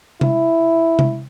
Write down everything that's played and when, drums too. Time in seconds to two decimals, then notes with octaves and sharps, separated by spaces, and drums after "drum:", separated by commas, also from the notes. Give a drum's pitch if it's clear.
0.21 E4, drum: tom C3
0.99 drum: tom C3